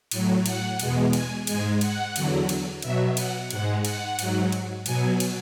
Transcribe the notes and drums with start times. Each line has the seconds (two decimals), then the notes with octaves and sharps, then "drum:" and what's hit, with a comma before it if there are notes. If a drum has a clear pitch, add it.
0.11 A2 F#3, drum: cymbal
0.46 F#5, drum: cymbal
0.79 E2 B2 G#3, drum: cymbal
1.13 G#5, drum: cymbal
1.47 G#2 G#3 G#5, drum: cymbal
1.81 F#5, drum: cymbal
2.16 E2 D3 F#3, drum: cymbal
2.49 drum: cymbal
2.82 B2 F#3 E5, drum: cymbal
3.17 F#5, drum: cymbal
3.51 G#2 G#3 F#5, drum: cymbal
3.85 F#5, drum: cymbal
4.19 G#2 F#3, drum: cymbal
4.52 drum: cymbal
4.86 B2 F#3 G#5, drum: cymbal
5.20 drum: cymbal